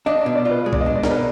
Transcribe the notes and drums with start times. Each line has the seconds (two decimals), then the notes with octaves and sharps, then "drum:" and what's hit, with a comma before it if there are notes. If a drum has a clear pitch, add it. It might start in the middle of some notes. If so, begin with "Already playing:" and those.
0.06 D4 D#5
0.21 D5
0.26 B2
0.36 D5
0.45 F4
0.51 B4
0.66 G#3
0.73 D5, drum: kick
0.81 D#5
0.86 D4
0.96 D5
1.03 B2 A#4, drum: snare D#4
1.11 B4